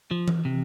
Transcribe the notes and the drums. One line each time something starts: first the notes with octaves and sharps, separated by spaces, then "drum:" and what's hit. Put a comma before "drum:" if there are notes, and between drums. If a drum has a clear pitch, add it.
F3
drum: tom E3
C3